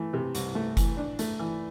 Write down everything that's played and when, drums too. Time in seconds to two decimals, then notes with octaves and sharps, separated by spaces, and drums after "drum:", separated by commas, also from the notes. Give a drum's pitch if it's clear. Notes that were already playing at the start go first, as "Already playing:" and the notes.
Already playing: E3 A3
0.13 C3
0.35 C2, drum: hi-hat
0.55 A3
0.77 E3, drum: kick F#1, hi-hat
0.97 D4
1.19 A3, drum: hi-hat
1.39 E3